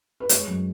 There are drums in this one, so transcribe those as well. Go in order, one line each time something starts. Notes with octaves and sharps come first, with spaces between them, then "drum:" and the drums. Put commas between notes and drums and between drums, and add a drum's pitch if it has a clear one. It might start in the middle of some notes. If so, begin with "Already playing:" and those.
B4
G#3 C#5, drum: hi-hat
F#2